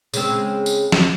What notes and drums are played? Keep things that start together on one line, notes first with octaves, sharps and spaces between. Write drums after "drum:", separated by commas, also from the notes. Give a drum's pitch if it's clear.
C#3 G#3 C4, drum: tambourine
drum: tambourine
drum: snare